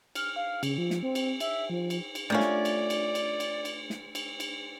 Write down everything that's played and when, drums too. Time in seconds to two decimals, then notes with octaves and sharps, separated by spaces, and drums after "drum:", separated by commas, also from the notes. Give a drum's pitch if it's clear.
0.15 F6, drum: cymbal
0.36 F5
0.63 C#3, drum: cymbal
0.78 F3
0.90 drum: snare
1.03 C4
1.15 drum: cymbal
1.40 E5, drum: cymbal
1.70 F3
1.90 drum: cymbal
2.15 drum: cymbal
2.30 C3 A3 A#3 C#4 D4 F4 D5
2.40 drum: snare
2.65 drum: cymbal
2.90 drum: cymbal
3.15 drum: cymbal
3.40 drum: cymbal
3.65 drum: cymbal
3.90 drum: snare
4.15 drum: cymbal
4.40 drum: cymbal